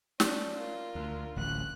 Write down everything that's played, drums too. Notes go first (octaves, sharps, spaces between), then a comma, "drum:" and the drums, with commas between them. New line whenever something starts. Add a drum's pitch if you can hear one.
C#4 D4, drum: snare
F4 A#4
D2
D1 A1 F#6